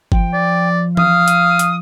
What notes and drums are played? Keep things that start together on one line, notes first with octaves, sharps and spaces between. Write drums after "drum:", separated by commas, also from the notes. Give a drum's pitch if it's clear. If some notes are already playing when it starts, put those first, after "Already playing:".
F3 G5, drum: kick G1
D5
F5 D#6, drum: tom E3
drum: hi-hat
drum: hi-hat